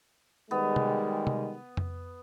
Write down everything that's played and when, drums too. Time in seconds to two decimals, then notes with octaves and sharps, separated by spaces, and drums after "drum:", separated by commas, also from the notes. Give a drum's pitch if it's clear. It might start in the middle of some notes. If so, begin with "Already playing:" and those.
0.51 D#3 G3 G#3 B3
0.76 drum: tom C3
1.27 drum: tom C3
1.77 drum: tom F2